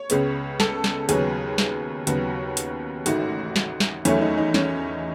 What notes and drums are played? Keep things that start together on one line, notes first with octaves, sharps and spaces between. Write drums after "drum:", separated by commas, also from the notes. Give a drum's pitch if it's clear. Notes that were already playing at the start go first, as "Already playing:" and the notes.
Already playing: C#5
C#2 C#3 G#3 B3, drum: hi-hat
A4, drum: snare
drum: snare
D#2 C#3 F#3 B3 G#4, drum: hi-hat
drum: snare
D#2 C#3 F#3 B3 F#4, drum: hi-hat
drum: hi-hat
A1 G#2 D#3 A3 F#4, drum: hi-hat
drum: snare
drum: snare
E2 D#3 F#3 A3 C#4, drum: hi-hat
D#4
D#4
C#4, drum: snare